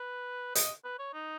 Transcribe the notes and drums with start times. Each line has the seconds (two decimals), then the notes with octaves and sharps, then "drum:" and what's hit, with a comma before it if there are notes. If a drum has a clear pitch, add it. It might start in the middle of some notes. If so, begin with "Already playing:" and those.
Already playing: B4
0.55 D#5, drum: hi-hat
0.84 B4
0.99 C#5
1.14 D#4